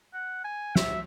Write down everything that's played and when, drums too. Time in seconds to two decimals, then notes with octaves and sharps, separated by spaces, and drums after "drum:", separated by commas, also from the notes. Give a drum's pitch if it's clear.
0.14 F#5
0.44 G#5
0.76 E5, drum: snare